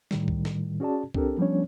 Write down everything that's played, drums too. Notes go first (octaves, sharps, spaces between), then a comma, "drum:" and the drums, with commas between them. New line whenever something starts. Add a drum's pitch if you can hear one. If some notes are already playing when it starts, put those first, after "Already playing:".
A2 D#3 G3, drum: snare
drum: kick C2
drum: snare
C#4 F#4 G#4 D5 A5
C4 D4 G4 A4 A#4, drum: kick C2
F3 G3 B3 C#4 D4 C#5